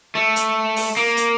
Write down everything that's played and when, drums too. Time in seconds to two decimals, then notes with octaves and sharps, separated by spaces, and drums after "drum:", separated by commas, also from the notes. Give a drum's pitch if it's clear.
0.15 A3
0.36 drum: hi-hat
0.76 drum: open hi-hat
0.97 A#3
1.17 drum: hi-hat